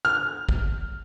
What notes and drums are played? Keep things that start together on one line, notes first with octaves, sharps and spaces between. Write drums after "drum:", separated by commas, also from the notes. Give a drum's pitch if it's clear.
F6
drum: kick